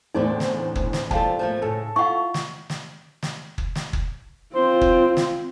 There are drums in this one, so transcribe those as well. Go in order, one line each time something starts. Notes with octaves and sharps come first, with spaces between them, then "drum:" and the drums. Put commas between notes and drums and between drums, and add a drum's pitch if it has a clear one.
E2 A2 D3 A3 C4 D#4 D5
drum: snare
drum: kick
drum: snare
G3 F4 A4 A5, drum: kick
F3 A3 A#3
A2 C#3 A4
E4 F4 F#5 C#6
drum: snare
drum: snare
drum: snare
drum: kick
drum: snare
drum: kick
C4 F4 C5
drum: kick
drum: snare